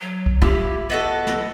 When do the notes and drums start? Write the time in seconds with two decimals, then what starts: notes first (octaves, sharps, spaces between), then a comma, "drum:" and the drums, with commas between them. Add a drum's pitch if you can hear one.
0.01 F#3
0.26 drum: kick
0.42 E4 F4 G4
0.90 B3 F#4 A4 D#5
1.27 drum: snare